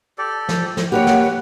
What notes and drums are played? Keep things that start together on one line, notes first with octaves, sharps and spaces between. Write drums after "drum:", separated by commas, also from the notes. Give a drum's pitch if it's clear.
G4 A4 D5
F3, drum: snare
drum: snare
A#3 G4 A#4 B4 C#5 F#5
drum: snare